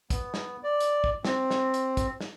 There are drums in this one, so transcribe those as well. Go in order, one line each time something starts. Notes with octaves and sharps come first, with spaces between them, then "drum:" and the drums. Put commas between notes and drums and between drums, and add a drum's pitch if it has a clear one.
B3, drum: kick, hi-hat
drum: snare
D5
drum: hi-hat
drum: kick
C4, drum: snare
drum: snare
drum: hi-hat
drum: kick, hi-hat
drum: snare